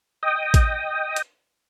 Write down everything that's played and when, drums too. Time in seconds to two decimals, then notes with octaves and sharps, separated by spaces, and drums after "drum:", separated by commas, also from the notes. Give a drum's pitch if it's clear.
0.23 D#5 G5 D#6
0.54 drum: kick, hi-hat
1.16 drum: hi-hat